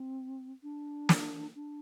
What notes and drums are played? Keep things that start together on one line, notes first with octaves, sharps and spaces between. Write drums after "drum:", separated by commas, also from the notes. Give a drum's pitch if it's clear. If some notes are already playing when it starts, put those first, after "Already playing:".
Already playing: C4
D4
drum: snare
D4